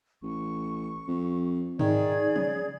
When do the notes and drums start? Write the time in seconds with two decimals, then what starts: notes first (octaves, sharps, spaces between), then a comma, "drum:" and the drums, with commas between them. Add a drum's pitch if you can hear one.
0.23 A1 C#6
1.08 F2
1.79 D#3 G#4 D5 G#6, drum: tom G#2
2.36 C#3, drum: tom F3